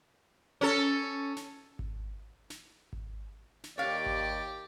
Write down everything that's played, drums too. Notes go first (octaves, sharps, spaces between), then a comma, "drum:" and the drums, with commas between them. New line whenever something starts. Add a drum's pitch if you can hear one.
C#4 A4
drum: snare
drum: kick G#1
drum: snare
drum: kick G#1
drum: snare
D#2 G4 C#5 D5 F5
drum: kick G#1